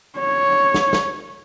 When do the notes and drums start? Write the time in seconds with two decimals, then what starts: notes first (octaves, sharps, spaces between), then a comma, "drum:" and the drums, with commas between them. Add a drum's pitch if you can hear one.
0.19 C#5
0.74 drum: snare
0.93 drum: snare